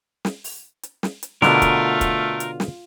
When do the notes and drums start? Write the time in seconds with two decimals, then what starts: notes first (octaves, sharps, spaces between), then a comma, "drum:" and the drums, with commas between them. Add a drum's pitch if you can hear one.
0.25 drum: snare
0.44 drum: open hi-hat
0.83 drum: hi-hat
1.03 drum: snare
1.23 drum: hi-hat
1.42 B2 D3 A3 F4 A#4, drum: snare
1.62 drum: kick, hi-hat
2.01 drum: kick, hi-hat
2.40 drum: hi-hat
2.60 drum: snare